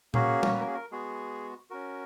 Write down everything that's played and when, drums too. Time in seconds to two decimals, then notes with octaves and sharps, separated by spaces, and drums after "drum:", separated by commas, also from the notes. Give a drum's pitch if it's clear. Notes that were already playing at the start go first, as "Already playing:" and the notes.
0.14 A#3 C#4 F#4 G#4, drum: tom A#2
0.43 drum: tom
0.53 B4
0.60 A#4
0.67 G#4
0.74 A#4
0.92 G#3 B3 F#4 G#4
1.70 C#4 F#4 A#4